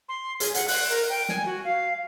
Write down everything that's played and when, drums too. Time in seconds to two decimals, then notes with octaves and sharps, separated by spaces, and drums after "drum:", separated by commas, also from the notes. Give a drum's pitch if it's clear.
0.09 C6
0.40 G#4, drum: hi-hat
0.54 F#5, drum: hi-hat
0.68 F#6, drum: open hi-hat
0.89 A#4
1.10 G5
1.29 G#5, drum: snare
1.46 F#4
1.65 F5